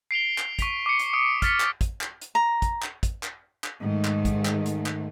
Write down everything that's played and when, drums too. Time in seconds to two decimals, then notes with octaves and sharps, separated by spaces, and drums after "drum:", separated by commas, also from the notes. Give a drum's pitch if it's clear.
0.11 C7 D7 F7 G7
0.38 drum: clap
0.59 C#6 B6 F7, drum: kick, hi-hat
0.86 D6 C#7
0.99 drum: hi-hat
1.13 D#6 D7
1.42 F6 A6 B6 C#7, drum: kick, hi-hat
1.60 drum: clap
1.81 drum: kick, hi-hat
2.01 drum: clap
2.21 drum: hi-hat
2.35 A#5
2.62 drum: kick, hi-hat
2.83 drum: clap
3.03 drum: kick, hi-hat
3.23 drum: clap
3.64 drum: clap
3.80 G#2 D#3 A3
4.05 drum: clap
4.25 drum: kick, hi-hat
4.45 drum: clap
4.66 drum: hi-hat
4.86 drum: clap